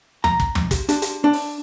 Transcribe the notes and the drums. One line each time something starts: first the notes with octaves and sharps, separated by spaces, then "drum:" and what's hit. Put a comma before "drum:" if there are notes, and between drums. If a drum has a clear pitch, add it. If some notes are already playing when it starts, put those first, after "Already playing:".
A#5, drum: tom
drum: kick
drum: tom
drum: kick, hi-hat
D4, drum: hi-hat
drum: hi-hat
D4
drum: open hi-hat